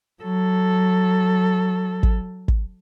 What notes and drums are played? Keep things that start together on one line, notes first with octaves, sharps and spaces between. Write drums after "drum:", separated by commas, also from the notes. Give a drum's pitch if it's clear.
F#3 A4
drum: kick
drum: kick